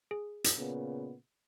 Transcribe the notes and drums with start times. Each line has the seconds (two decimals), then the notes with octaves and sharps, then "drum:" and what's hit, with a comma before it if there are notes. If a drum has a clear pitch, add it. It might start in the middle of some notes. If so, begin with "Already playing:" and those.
0.11 G#4
0.44 drum: hi-hat
0.58 A#2 C#3 B3